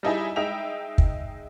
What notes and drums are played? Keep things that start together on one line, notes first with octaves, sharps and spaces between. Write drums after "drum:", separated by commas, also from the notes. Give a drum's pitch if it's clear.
G3 D#4 E4 G#4
G#3 D#4 E5 G5 F7
drum: kick